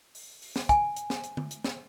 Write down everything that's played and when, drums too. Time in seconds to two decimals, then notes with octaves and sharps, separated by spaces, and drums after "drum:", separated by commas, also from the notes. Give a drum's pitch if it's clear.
0.15 drum: open hi-hat
0.42 drum: open hi-hat
0.56 drum: snare
0.69 G#5, drum: kick, hi-hat
0.96 drum: hi-hat
1.10 drum: snare
1.24 drum: hi-hat
1.37 drum: tom D3
1.51 drum: hi-hat
1.64 drum: snare